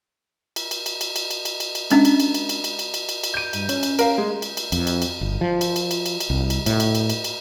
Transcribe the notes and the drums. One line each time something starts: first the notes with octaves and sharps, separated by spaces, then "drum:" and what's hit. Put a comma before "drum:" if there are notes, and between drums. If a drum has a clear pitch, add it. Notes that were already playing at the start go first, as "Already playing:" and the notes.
drum: cymbal
drum: cymbal
drum: cymbal
drum: cymbal
drum: cymbal
drum: cymbal
drum: cymbal
drum: cymbal
drum: cymbal
G#3 C#4 D4, drum: cymbal
drum: cymbal
drum: cymbal
drum: cymbal
drum: cymbal
drum: cymbal
drum: cymbal
drum: cymbal
drum: cymbal
drum: cymbal
G6 D#7
G2, drum: cymbal
C#4, drum: cymbal
drum: cymbal
A#4 F5, drum: cymbal
G#3
drum: cymbal
drum: cymbal
F2, drum: cymbal
drum: cymbal
drum: cymbal
G1
F3
drum: cymbal
drum: cymbal
drum: cymbal
drum: cymbal
drum: cymbal
C2
drum: cymbal
A2, drum: cymbal
drum: cymbal
drum: cymbal
drum: cymbal
drum: cymbal